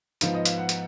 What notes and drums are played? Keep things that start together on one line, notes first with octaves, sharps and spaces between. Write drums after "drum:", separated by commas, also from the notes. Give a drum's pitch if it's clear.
G#2 F3 B3 F5, drum: hi-hat
D#5
F5, drum: hi-hat
F#5
drum: hi-hat